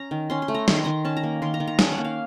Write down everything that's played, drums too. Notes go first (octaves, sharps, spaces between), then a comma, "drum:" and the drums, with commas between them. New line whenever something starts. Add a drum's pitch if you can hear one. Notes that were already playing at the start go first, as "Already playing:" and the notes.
Already playing: C#4 A#5
D#3
C#4 C6
C6
A3
A#5
D#3 A#5, drum: snare
C6
D#3 A#5
C#4 A5
A#5
A#3
D#3 C6
A#5
D#3
A#5
C#4 A5, drum: snare
F#5
A#3
F5